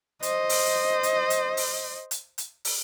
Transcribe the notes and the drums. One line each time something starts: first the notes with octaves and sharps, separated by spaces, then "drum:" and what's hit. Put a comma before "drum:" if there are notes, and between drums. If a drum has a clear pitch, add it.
C5 D#5, drum: hi-hat
drum: open hi-hat
drum: hi-hat
drum: hi-hat
drum: open hi-hat
drum: hi-hat
drum: hi-hat
drum: open hi-hat